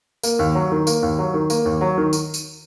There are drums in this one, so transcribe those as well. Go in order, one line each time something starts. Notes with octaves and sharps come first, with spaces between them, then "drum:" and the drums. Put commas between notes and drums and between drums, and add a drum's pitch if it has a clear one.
A#3, drum: tambourine
D#2
F#3
D#3
A#3, drum: tambourine
D#2
F#3
D#3
A#3, drum: tambourine
D#2
F#3
D#3
drum: tambourine
drum: tambourine